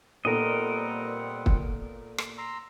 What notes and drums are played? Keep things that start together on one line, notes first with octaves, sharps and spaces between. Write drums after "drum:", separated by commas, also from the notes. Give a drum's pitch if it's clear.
A#2 G3 B3 C4 A4 A#4 D#5 F#5
drum: kick
drum: rim click
A#5 C6 E6